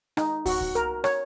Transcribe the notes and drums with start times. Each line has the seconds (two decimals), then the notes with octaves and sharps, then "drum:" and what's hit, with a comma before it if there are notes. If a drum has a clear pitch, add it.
0.17 D#4, drum: rim click
0.46 F#4, drum: kick, open hi-hat
0.61 drum: kick
0.75 A#4, drum: hi-hat
1.04 C#5, drum: rim click